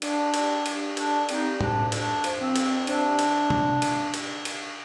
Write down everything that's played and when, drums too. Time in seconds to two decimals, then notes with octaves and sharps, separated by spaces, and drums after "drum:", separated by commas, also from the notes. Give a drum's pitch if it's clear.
0.02 G3 D4, drum: cymbal
0.34 G3, drum: cymbal
0.66 G3, drum: cymbal
0.97 D3 D4, drum: cymbal
1.29 G3 C4 D#4, drum: cymbal
1.61 D2 D4, drum: tom A2
1.92 F2 D4, drum: cymbal
2.24 F3, drum: cymbal
2.40 C4
2.56 F2, drum: cymbal
2.87 C3 D4, drum: cymbal
3.19 drum: cymbal
3.50 drum: tom
3.82 drum: cymbal
4.14 drum: cymbal
4.45 drum: cymbal